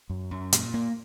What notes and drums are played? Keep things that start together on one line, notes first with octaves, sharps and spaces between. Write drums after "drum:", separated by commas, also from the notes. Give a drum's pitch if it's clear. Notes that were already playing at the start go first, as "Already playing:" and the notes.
F#2
F#2
A#2, drum: hi-hat
A#3